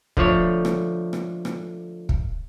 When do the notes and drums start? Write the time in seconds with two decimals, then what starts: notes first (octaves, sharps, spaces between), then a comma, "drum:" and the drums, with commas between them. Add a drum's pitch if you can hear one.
0.17 D3 F3 A3 C#5, drum: kick
0.65 drum: rim click
1.13 drum: rim click
1.45 drum: rim click
2.09 drum: kick